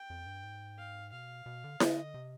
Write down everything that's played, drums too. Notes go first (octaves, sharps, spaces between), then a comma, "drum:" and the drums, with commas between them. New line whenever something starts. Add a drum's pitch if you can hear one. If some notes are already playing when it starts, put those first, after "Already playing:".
Already playing: G5
F2
G2
G#2
F5
B2 F5
B2
D3
D3 D#5, drum: snare E4
C3